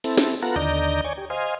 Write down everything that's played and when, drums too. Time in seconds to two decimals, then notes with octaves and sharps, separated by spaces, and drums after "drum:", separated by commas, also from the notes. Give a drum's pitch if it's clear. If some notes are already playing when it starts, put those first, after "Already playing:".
0.04 C4 E4 A4, drum: cymbal
0.18 drum: snare
0.42 B3 F4 A4 F#5 A#5
0.56 D#2 D3 D5 D#5 A#5 G6
1.05 C#5 D5 G#5
1.18 G4
1.30 C5 D#5 F5 G#5